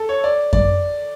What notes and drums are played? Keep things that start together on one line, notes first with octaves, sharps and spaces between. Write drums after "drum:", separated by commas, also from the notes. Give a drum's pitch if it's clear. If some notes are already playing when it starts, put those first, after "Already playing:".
Already playing: A4
C#5
D5
D5, drum: kick F#2